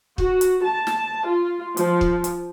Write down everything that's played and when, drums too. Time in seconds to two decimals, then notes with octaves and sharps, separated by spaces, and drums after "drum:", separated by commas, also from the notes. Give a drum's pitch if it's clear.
0.18 F#4, drum: kick
0.41 drum: hi-hat
0.63 A5
0.87 drum: snare
1.27 F4
1.77 F3, drum: hi-hat
2.01 drum: kick
2.24 drum: hi-hat